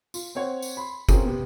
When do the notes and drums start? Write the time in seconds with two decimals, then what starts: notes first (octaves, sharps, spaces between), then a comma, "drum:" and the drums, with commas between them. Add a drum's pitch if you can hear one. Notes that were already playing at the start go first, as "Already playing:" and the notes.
0.14 F4, drum: tambourine
0.35 C4 C5 C#5 F#5
0.62 drum: tambourine
0.77 B5 C6
1.09 C4 C#4 F4 F#4 G#4 A#4, drum: kick, tambourine
1.25 C3 B3